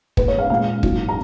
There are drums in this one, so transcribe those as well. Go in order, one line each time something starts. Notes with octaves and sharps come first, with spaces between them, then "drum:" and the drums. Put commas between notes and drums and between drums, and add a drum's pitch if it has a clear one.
G#2 D#3 A#3 B4, drum: kick
C#5
F5
A#2 G#3 C#4 F5
G#2 F#3 A#3, drum: kick
A#5